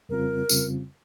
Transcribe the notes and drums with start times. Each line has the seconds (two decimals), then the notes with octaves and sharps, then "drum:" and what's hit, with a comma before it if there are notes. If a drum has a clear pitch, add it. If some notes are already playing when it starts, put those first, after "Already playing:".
0.09 F2 C#3 G3 C4 F4 A#4
0.49 F2 C#3 G3 C4 F4, drum: tambourine